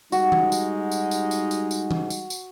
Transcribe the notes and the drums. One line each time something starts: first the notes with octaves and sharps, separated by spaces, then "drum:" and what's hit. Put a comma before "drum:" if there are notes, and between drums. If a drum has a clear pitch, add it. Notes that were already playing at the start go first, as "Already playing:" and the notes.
G3 G#3 D#4 F#4, drum: tambourine
drum: tom E3
drum: tambourine
drum: tambourine
drum: tambourine
drum: tambourine
drum: tambourine
drum: tambourine
drum: tom E3
drum: tambourine
drum: tambourine